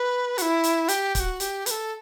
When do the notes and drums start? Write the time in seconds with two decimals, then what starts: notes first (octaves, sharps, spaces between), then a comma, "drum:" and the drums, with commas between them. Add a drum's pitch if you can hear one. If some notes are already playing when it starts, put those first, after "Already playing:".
Already playing: B4
0.38 F#4, drum: hi-hat
0.42 E4
0.64 drum: hi-hat
0.88 G4, drum: hi-hat
1.15 G4, drum: kick C#1, hi-hat
1.20 F#4
1.40 G4, drum: hi-hat
1.66 B4, drum: hi-hat
1.71 A4